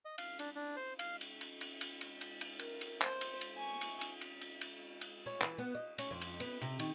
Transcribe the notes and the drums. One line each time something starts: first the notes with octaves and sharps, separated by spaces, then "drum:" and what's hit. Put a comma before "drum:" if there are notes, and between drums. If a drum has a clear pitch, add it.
D#5
F5, drum: cymbal
D4, drum: cymbal
D4
C5
F5, drum: cymbal
drum: cymbal
drum: cymbal
drum: cymbal
drum: cymbal
drum: cymbal
drum: cymbal
drum: cymbal
A#4, drum: cymbal
drum: cymbal
C5, drum: clap
drum: cymbal
drum: cymbal
G#5 C#6
drum: cymbal
drum: cymbal
drum: cymbal
drum: cymbal
drum: cymbal
drum: cymbal
C#4
E3, drum: clap
B3
D#5
C#4, drum: cymbal
F2
drum: cymbal
B3, drum: cymbal
C3, drum: cymbal
D#3, drum: cymbal